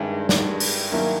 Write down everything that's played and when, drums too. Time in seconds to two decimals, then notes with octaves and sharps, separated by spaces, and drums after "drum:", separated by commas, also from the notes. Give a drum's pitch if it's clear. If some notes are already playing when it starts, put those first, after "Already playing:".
Already playing: G2 D#3 G#3 C#4 E4
0.29 G2, drum: snare
0.60 drum: open hi-hat
0.92 D#3 F#3 A#3 C#4 E4